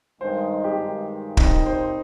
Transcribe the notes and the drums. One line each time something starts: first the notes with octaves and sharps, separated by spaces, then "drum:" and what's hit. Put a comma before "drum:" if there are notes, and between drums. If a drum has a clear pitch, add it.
G2 D#3 G#3 C5
G4
G2 D#3 G#3
A#2 G3 C4 D#4, drum: kick
C5